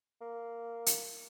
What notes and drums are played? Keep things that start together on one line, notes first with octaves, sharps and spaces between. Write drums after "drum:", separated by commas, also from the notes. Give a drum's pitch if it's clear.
A#3
drum: hi-hat